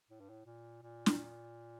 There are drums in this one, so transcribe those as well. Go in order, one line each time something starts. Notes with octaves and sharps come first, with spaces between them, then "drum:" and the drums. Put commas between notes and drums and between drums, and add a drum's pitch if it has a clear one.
A2
G2
A2
A#2
A#2
drum: snare